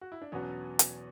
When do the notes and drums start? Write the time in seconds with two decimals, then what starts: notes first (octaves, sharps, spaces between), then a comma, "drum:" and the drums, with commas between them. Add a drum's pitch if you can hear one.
0.01 F#4
0.12 E4
0.22 D4
0.32 E2 B2 F#3 B3 C#4
0.79 drum: hi-hat